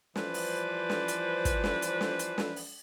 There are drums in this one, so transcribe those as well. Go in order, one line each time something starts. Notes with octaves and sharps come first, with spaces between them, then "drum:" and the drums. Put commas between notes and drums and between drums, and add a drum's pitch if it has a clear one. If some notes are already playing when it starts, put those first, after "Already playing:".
E3 F3 G3 B4 C5 D5, drum: snare
drum: open hi-hat
drum: snare
drum: hi-hat
drum: kick, hi-hat
drum: snare
drum: hi-hat
drum: snare
drum: hi-hat
drum: snare
drum: open hi-hat